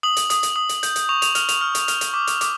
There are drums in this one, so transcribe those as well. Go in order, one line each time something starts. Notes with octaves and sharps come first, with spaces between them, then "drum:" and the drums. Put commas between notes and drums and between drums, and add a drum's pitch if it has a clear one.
D#6 F#7
drum: hi-hat
D#6, drum: hi-hat
drum: hi-hat
D#6
drum: hi-hat
G6, drum: hi-hat
drum: hi-hat
C#6 F7
F7, drum: hi-hat
F6 F7, drum: hi-hat
F7, drum: hi-hat
F6
drum: hi-hat
F6, drum: hi-hat
drum: hi-hat
D6
drum: hi-hat
D6, drum: hi-hat